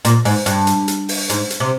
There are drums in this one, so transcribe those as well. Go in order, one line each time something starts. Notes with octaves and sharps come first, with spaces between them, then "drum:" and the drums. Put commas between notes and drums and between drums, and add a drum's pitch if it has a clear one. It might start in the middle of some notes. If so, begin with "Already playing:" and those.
A#2, drum: hi-hat
G#2, drum: open hi-hat
G2, drum: hi-hat
drum: hi-hat
drum: hi-hat
drum: open hi-hat
G#2, drum: hi-hat
drum: hi-hat
C3